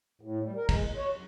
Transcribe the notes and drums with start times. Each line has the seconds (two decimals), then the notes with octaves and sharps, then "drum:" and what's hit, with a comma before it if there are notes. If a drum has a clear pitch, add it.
0.21 A2
0.42 G3
0.56 A#4
0.69 G#3, drum: kick, cymbal
0.82 D#2
0.97 C#5
1.12 F#2